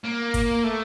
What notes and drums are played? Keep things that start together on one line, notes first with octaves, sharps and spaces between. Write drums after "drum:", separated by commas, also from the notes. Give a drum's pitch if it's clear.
A#3
drum: kick, hi-hat
A3